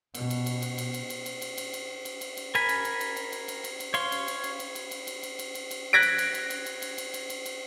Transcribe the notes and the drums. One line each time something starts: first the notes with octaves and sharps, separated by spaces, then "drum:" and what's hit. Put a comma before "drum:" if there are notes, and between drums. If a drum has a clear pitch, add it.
B2, drum: cymbal
drum: cymbal
drum: cymbal
drum: cymbal
drum: cymbal
drum: cymbal
drum: cymbal
drum: cymbal
drum: cymbal
drum: cymbal
drum: cymbal
drum: cymbal
drum: cymbal
drum: cymbal
A#4 G#5 B5, drum: cymbal
drum: cymbal
drum: cymbal
drum: cymbal
drum: cymbal
drum: cymbal
drum: cymbal
drum: cymbal
drum: cymbal
C#5 F5 C6, drum: cymbal
drum: cymbal
drum: cymbal
drum: cymbal
drum: cymbal
drum: cymbal
drum: cymbal
drum: cymbal
drum: cymbal
drum: cymbal
drum: cymbal
drum: cymbal
F#6 G#6 A#6 B6 D7
drum: cymbal
drum: cymbal
drum: cymbal
drum: cymbal
drum: cymbal
drum: cymbal
drum: cymbal
drum: cymbal
drum: cymbal
drum: cymbal